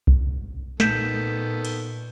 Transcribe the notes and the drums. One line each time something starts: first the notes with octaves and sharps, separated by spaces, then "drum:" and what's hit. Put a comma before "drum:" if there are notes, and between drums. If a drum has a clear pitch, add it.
drum: kick B1
A#2 D#3 B3 A4 G6 B6 E7, drum: snare
drum: cymbal